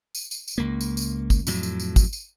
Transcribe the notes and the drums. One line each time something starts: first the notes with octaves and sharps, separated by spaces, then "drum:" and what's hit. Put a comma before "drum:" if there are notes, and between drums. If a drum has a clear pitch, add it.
drum: tambourine
drum: tambourine
drum: tambourine
C#2 A#3
drum: tambourine
drum: tambourine
drum: kick, tambourine
F2 A2 F#3, drum: tambourine
drum: tambourine
drum: tambourine
drum: kick, tambourine
drum: tambourine